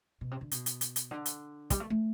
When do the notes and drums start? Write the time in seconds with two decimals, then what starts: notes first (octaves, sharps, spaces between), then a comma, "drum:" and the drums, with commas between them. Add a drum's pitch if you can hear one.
0.21 B2
0.31 C3
0.41 D3
0.51 B2, drum: hi-hat
0.66 drum: hi-hat
0.81 drum: hi-hat
0.96 drum: hi-hat
1.11 D3
1.26 drum: hi-hat
1.70 G3, drum: kick, hi-hat
1.80 A3
1.90 A3